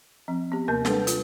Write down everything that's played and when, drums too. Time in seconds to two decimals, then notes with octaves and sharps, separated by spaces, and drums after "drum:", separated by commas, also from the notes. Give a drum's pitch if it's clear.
0.28 F3 C4
0.52 B3 G4
0.68 D#2 C3 A#3 A#4 A5 G6
0.85 G3 G#3 D4 A4 B4, drum: snare
1.07 F4, drum: hi-hat